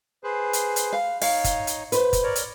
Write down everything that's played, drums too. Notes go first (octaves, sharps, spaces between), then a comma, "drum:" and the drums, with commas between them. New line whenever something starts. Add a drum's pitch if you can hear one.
G#4 B4 C5
drum: hi-hat
drum: hi-hat
F5
D#4 C#5 F5, drum: open hi-hat
drum: kick, hi-hat
drum: hi-hat
B4 C5, drum: hi-hat
drum: kick, hi-hat
A#4 C#5 D5
drum: hi-hat